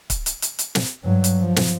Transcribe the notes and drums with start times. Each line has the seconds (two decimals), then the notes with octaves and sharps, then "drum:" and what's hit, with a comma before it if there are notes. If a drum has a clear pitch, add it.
0.10 drum: kick C#1, hi-hat
0.26 drum: hi-hat
0.42 drum: hi-hat
0.59 drum: hi-hat
0.75 drum: snare
1.04 G2 F#3
1.24 drum: hi-hat
1.40 F3
1.56 drum: snare